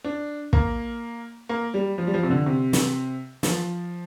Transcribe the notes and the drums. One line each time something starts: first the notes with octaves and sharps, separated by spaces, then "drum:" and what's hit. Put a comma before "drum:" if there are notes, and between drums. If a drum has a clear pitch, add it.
D4
A#3, drum: kick
A#3
G3
F3
G3
F3
C3
D3
C3
drum: snare
F3, drum: snare